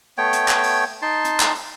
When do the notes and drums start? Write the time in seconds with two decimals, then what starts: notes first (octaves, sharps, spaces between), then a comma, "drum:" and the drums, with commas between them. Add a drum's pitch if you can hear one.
0.18 A3 B3 C#5 G5
0.33 drum: hi-hat
0.48 drum: clap
0.64 drum: open hi-hat
1.02 D#4 A5 C6
1.25 drum: hi-hat
1.40 drum: clap
1.55 drum: open hi-hat